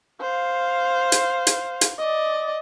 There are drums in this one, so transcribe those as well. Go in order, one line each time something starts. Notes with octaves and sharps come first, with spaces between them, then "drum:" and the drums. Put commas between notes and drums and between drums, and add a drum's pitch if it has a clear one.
C5 F5
drum: hi-hat
drum: hi-hat
drum: hi-hat
D5 D#5